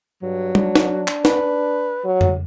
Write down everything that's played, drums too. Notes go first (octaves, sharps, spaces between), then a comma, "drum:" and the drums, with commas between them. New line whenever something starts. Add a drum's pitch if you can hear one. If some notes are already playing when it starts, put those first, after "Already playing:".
G2 F#3
D4, drum: tom G3
drum: snare
drum: clap
B4, drum: snare
F#3
drum: tom F2